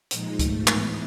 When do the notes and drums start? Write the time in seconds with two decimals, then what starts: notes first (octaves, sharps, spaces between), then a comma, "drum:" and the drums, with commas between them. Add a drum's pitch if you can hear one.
0.11 A#2 F3 G#3 D#4, drum: hi-hat
0.39 G#2 F3 A3, drum: kick C#2, hi-hat
0.67 A2 E3 G#3 B3 D#4, drum: clap